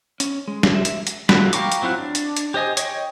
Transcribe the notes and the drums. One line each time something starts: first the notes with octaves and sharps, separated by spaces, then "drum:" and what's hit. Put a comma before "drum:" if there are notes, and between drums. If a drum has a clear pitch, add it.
C#4, drum: hi-hat
G#3
drum: snare
E5
drum: hi-hat
drum: hi-hat
A#3 E4 F4 F#5 B5, drum: snare
F5 G5 A#5 C#6 D6, drum: hi-hat
drum: hi-hat
F#3 C4 E4 F4 F#5
D4
drum: hi-hat
drum: hi-hat
G4 C5 D#5 G#5
C#5 D#5 G5, drum: hi-hat